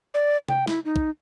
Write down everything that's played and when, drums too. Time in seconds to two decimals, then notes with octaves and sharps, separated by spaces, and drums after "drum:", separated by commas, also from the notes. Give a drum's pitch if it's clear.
0.14 D5
0.48 G5, drum: tom C3
0.67 E4, drum: snare
0.85 D#4
0.96 drum: kick